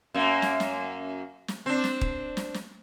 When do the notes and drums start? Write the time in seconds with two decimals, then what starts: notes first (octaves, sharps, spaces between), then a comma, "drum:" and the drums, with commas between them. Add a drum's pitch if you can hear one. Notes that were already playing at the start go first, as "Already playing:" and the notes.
0.14 F#2 A#3
0.42 drum: snare
0.60 drum: snare
1.48 drum: snare
1.66 C4 D4
1.84 drum: snare
2.01 drum: kick D#1
2.37 drum: snare
2.54 drum: snare